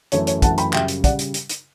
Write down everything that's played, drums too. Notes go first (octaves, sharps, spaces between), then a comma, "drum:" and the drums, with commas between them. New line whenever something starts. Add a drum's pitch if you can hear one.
F#2 E3 A3 C#5, drum: hi-hat
C#5, drum: hi-hat
F#2 E3 A3 F#5 A5, drum: kick, hi-hat
G5 B5, drum: hi-hat
F#2 C#3 G3 E5 G5, drum: clap
drum: hi-hat
C#3 G3 D5 F#5, drum: kick, hi-hat
drum: hi-hat
drum: hi-hat
drum: hi-hat